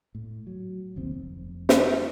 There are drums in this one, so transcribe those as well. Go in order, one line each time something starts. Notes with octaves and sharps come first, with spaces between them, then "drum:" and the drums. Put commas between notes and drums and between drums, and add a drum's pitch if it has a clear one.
A2
F#3
G1 D#2 C4
F1 C2
drum: snare